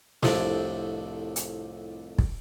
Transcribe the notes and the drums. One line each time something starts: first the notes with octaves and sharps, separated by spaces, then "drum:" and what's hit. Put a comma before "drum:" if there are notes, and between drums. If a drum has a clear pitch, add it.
C2 F2 A2 C3 D4 D5, drum: snare
drum: hi-hat
drum: kick